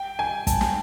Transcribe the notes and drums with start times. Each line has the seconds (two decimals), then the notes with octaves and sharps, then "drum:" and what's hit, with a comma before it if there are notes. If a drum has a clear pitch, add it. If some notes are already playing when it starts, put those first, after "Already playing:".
Already playing: G5
0.19 G#5
0.47 A5, drum: kick, hi-hat
0.61 drum: snare